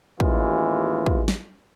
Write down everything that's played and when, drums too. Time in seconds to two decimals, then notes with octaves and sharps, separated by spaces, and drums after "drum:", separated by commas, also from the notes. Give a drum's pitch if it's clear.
0.20 A1 D#2 E3 G#3 F4, drum: kick
1.06 drum: kick
1.28 drum: snare